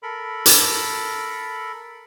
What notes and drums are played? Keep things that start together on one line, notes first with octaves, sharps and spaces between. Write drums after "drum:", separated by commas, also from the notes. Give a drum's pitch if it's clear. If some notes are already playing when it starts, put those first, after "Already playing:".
A4 A#4 B5
drum: hi-hat